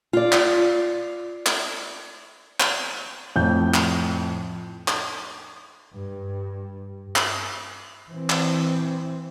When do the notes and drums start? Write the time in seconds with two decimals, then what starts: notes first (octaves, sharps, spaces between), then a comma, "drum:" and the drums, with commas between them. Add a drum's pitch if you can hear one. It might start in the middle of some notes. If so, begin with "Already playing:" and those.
0.13 F4 D5
0.32 drum: clap
1.46 drum: clap
2.60 drum: clap
3.36 F2 A2 G6
3.74 drum: clap
4.88 drum: clap
5.93 G2
7.16 drum: clap
8.12 E3 C4
8.30 drum: clap